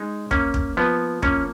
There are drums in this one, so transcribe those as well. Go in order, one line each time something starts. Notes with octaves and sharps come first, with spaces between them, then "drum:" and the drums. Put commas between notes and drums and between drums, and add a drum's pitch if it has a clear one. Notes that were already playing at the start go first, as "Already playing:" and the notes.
Already playing: G#3 D#4
A#3 C#4, drum: kick
drum: kick
F3 B3
A#3 C#4, drum: kick